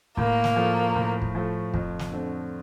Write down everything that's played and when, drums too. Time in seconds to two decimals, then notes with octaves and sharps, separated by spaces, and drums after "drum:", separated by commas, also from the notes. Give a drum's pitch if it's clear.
0.17 A2 A#3, drum: kick
0.44 drum: snare
0.56 F3 A3
0.95 A2
1.22 drum: kick
1.35 F3 A3
1.74 F2, drum: kick
1.99 drum: snare
2.12 D3 A3 C4